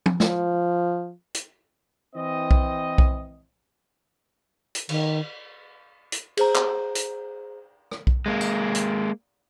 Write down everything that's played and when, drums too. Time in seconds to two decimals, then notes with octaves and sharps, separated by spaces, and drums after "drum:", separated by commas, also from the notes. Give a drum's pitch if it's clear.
0.06 drum: tom
0.20 F3, drum: snare
1.34 drum: hi-hat
2.16 E3 C4 D#5
2.51 drum: kick B1
2.98 drum: kick B1
4.75 drum: hi-hat
4.89 D#3, drum: cymbal
6.12 drum: hi-hat
6.37 G#4 C5 A#5, drum: cymbal
6.56 drum: clap
6.95 drum: hi-hat
7.91 drum: rim click
8.07 drum: kick B1
8.26 G#3 A#3
8.41 drum: tambourine
8.75 drum: hi-hat